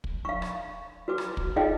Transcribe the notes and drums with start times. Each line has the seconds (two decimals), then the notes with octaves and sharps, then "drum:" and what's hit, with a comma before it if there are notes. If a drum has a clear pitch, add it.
0.04 drum: kick
0.25 F5 C#6
0.42 drum: rim click
1.08 F#4 B4 D6
1.18 drum: rim click
1.37 drum: kick
1.56 D#4 F4 G#4 D#5 F5 G5